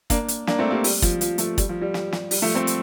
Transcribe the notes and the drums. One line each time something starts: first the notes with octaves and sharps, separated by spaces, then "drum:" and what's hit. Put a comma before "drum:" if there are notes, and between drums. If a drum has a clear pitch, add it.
A#3 D4, drum: kick, hi-hat
drum: hi-hat
A#3 D4, drum: snare
A3 C4
G3 A#3
G3, drum: open hi-hat
F3, drum: kick, hi-hat
F3, drum: hi-hat
F3 A3, drum: hi-hat
G3, drum: kick, hi-hat
F3
G3
F3, drum: snare
G3, drum: snare
G3, drum: open hi-hat
F3 A3
A3 C4
drum: hi-hat